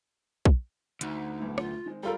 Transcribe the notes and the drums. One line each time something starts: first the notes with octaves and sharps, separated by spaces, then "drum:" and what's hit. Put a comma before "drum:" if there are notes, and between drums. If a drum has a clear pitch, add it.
drum: kick
D2 D#4, drum: hi-hat
B1 A2
F4, drum: rim click
D#3 G#3 C4
G3 F4 A4 A#4